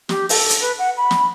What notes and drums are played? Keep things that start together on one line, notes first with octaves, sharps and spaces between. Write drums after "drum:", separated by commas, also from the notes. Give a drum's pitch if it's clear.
G4, drum: snare
A4, drum: open hi-hat
drum: hi-hat
B4
F#5
B5
drum: snare